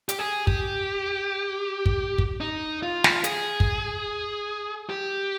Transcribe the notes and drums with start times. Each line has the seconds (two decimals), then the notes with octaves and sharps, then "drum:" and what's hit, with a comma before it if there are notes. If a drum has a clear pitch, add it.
0.09 G4, drum: hi-hat
0.19 G#4
0.47 G4, drum: kick
1.86 drum: kick
2.18 drum: kick
2.41 D#4
2.83 F4
3.04 drum: snare
3.24 G#4, drum: hi-hat
3.60 drum: kick
4.90 G4